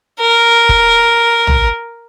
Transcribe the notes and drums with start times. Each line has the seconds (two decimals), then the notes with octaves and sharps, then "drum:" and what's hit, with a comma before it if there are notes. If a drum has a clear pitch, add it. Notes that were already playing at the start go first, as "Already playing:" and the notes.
0.21 A#4
0.69 drum: kick
1.47 drum: tom A#1